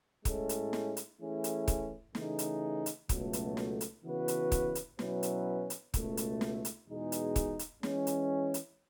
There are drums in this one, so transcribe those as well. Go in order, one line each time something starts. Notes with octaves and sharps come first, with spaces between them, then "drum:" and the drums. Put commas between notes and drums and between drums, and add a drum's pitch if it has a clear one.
A2 G#3 C#4 E4 A4, drum: kick, hi-hat
drum: hi-hat
drum: snare
drum: hi-hat
E3 A3 C#4 E4 G#4
drum: hi-hat
drum: kick, hi-hat
C#3 E3 A3 D#4 G#4, drum: snare
drum: hi-hat
drum: hi-hat
C#2 B2 F#3 A3, drum: kick, hi-hat
drum: hi-hat
drum: snare
drum: hi-hat
C#3 E3 B3 F#4 B4
drum: hi-hat
drum: kick, hi-hat
drum: hi-hat
B2 F#3 C#4 E4 B4, drum: snare
drum: hi-hat
drum: hi-hat
C#2 B2 A3, drum: kick, hi-hat
drum: hi-hat
drum: snare
drum: hi-hat
E2 B2 G#3 D#4 G#4
drum: hi-hat
drum: kick, hi-hat
drum: hi-hat
E3 G#3 C#4, drum: snare
drum: hi-hat
drum: hi-hat